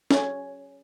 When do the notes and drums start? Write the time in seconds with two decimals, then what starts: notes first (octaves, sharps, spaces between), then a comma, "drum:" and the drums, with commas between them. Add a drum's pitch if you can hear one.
0.11 C#4, drum: snare